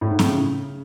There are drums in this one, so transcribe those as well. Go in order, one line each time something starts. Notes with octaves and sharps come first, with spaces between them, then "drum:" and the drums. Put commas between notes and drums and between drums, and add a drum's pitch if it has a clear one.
A2
G#2
A2, drum: snare C4
C#3